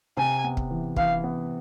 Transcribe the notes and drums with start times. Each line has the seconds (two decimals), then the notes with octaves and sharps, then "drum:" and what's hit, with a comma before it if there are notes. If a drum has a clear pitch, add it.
0.17 C3 G#5
0.44 B3
0.57 drum: kick
0.71 E3
0.96 E3 F5, drum: kick
1.24 B3